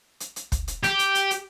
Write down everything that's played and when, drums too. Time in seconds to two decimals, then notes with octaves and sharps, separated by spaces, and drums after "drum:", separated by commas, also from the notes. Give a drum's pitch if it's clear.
0.20 drum: hi-hat
0.36 drum: hi-hat
0.52 drum: kick, hi-hat
0.68 drum: hi-hat
0.83 G4, drum: hi-hat
0.99 drum: hi-hat
1.15 drum: hi-hat
1.31 drum: hi-hat